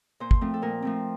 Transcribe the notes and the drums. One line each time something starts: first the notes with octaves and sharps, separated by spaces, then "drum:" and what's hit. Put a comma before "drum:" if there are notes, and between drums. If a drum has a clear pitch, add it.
A#2 C5
drum: kick
F3 A3 C4
A4
A#2 A#4
F3 A3 C4